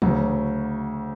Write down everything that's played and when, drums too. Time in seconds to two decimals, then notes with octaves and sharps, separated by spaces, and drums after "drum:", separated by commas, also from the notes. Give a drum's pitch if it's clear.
0.02 D2 C#3 F#3, drum: tom